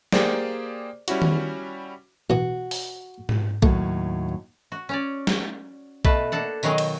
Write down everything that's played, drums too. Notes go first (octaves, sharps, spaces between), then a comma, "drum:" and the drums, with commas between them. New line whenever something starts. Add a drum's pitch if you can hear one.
A#3 G4 G#4 C5 D5, drum: snare
G3 C#4 E4 F#4, drum: hi-hat
drum: tom D#3
B1 E3 F#4
drum: open hi-hat
drum: tom G#2
D#2 A2 F#3 A3, drum: kick B1
F#4
C#4 C#5 D5
drum: snare
B2 A3 B4 A5, drum: kick B1
A#3 D4 A4 F#5
B2 D#3 F#3 G#4, drum: tambourine
drum: cymbal